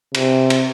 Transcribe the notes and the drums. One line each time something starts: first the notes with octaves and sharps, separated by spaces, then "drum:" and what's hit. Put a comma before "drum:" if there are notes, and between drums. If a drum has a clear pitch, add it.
C3, drum: cymbal
drum: cymbal